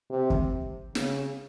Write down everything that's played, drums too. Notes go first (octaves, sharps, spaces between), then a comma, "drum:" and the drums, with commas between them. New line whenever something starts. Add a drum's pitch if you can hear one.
C3
drum: kick
C#3, drum: snare